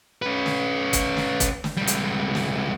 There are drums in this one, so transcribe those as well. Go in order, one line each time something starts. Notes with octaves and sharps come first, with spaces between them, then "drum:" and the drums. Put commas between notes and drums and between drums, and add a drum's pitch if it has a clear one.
C#4 B4
drum: snare
drum: kick, hi-hat
drum: snare
drum: kick, hi-hat
drum: snare
C#2 G3
drum: hi-hat
drum: snare